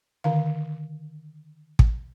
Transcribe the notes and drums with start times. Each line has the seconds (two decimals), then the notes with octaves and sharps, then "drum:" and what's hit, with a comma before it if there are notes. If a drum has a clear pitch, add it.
0.24 D3 D#3 F5
1.79 drum: kick